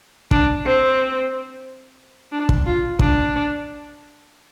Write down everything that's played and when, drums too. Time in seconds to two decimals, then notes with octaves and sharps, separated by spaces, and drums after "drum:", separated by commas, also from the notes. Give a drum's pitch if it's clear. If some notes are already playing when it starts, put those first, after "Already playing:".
0.31 D4, drum: kick
0.65 C4
2.32 D4
2.49 drum: kick
2.66 F4
2.99 D4, drum: kick